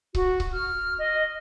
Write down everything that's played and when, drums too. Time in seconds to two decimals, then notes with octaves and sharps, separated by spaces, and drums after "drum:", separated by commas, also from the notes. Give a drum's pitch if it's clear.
0.15 F#4, drum: kick C#1
0.40 drum: kick C#1
0.53 F6
0.99 D#5